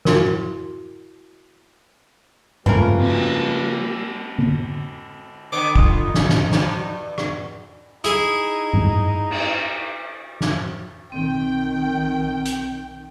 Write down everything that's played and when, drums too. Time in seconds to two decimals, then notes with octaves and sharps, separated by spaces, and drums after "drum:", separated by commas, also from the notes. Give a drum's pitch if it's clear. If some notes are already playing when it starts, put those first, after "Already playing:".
0.05 E4 F#4 A#4, drum: snare
2.66 C#3 E3 F3 G3 A3 A#3 A#4 B4, drum: tom G2
2.97 drum: cymbal
4.38 drum: tom D3
5.52 D3 B3 D6
5.76 F4, drum: kick
6.05 D#4
6.14 drum: snare
6.29 drum: snare
6.52 G2, drum: snare
7.18 drum: rim click
8.04 D#4 E4 G#4 D#6, drum: hi-hat
8.73 drum: tom G2
9.30 drum: cymbal
10.41 drum: snare
11.12 B1 D#3 C4 G5
12.45 drum: hi-hat